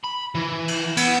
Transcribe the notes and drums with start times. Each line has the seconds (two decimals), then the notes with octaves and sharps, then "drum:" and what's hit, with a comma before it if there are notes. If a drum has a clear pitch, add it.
0.04 B5
0.35 E3
0.68 drum: cymbal
0.97 B3, drum: cymbal